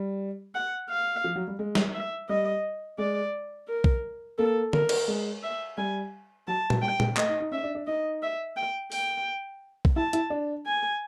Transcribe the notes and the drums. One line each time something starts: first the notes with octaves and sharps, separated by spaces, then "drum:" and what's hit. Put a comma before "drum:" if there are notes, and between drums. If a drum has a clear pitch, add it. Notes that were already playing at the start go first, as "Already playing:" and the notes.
Already playing: G3
F#5
F5
F3
F#3
G3
G#3
drum: snare
E5
G3 D#5
G#3 D5
A#4
drum: kick B1
A#3 A4
A#4, drum: tom
drum: cymbal
G#3
E5
G3 G#5
F#3 A5
F#3, drum: tom A#2
G3 G5
G#3, drum: tom A#2
A3 D#5, drum: clap
D#4
D#4
C#4 E5
D4
D4
D#4 D#5
E5
G5
G5, drum: open hi-hat
drum: kick B1
E4 A5
E4, drum: hi-hat
D4
G#5